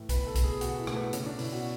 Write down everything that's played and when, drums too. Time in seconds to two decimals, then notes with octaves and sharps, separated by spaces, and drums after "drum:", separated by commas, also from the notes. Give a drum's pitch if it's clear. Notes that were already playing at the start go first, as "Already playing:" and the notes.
Already playing: A2 E3
0.09 B2 B4, drum: kick B1, hi-hat
0.27 A4
0.35 B2, drum: kick B1, hi-hat
0.44 G#4
0.61 B2 F#4, drum: hi-hat
0.78 E4
0.87 B2 A3, drum: rim click
0.96 B3
1.13 B2 C#4, drum: hi-hat
1.26 D4
1.39 B2 E4, drum: open hi-hat
1.52 F#4